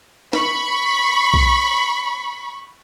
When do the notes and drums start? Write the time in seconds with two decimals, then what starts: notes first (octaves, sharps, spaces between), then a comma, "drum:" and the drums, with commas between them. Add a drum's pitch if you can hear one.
0.33 B5 C#6, drum: snare
1.34 drum: kick B1